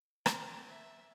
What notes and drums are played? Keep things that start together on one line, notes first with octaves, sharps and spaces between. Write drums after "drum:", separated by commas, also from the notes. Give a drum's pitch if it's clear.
C4, drum: rim click
E5